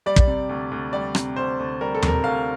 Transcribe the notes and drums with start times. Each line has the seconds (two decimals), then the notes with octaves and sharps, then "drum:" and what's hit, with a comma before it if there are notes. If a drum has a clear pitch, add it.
0.06 G3 D5
0.16 drum: kick
0.27 C3
0.49 D2
0.71 D2
0.93 G3 D5
1.15 C3, drum: rim click
1.36 D2 C5
1.59 D2
1.81 G3 A#4
1.95 A4
2.02 C3, drum: tom D#2
2.08 A#4
2.24 D2 F5